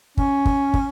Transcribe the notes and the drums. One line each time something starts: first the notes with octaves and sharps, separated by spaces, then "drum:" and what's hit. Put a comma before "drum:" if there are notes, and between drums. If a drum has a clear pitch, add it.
C#4, drum: kick
drum: kick
drum: kick